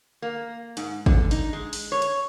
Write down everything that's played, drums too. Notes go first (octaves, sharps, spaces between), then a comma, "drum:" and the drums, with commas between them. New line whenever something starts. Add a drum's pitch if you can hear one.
A#3
G#2, drum: hi-hat
D3, drum: kick
D#4, drum: hi-hat
G#3
drum: open hi-hat
C#5
drum: cymbal